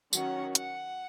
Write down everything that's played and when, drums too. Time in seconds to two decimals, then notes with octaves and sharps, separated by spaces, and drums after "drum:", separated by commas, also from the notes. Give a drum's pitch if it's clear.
0.13 D#3 F#3 C#4 F#4 C#5 F#5, drum: tambourine
0.55 F#5, drum: hi-hat